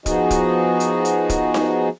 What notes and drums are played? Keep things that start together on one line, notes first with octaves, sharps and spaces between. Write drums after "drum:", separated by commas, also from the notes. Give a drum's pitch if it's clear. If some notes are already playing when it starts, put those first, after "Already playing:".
F3 B3 D#4 F#4 G#4 D#5, drum: kick D1, hi-hat
drum: kick D1, hi-hat
drum: hi-hat
drum: hi-hat
drum: kick D1, hi-hat
drum: snare D#4